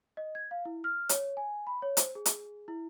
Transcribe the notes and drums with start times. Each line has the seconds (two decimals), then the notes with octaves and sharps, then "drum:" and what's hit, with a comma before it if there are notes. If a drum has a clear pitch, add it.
0.17 D#5
0.35 G#6
0.51 F5
0.65 E4
0.84 F6
1.09 C#5, drum: hi-hat
1.37 G#5
1.67 B5
1.82 C#5
1.97 C5, drum: hi-hat
2.15 G#4
2.26 drum: hi-hat
2.68 E4